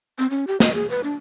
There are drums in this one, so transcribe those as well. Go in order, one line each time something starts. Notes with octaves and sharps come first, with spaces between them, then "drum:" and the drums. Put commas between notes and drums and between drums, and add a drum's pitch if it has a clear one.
C4
C#4
G4
D#5, drum: snare
G#4
B4
D4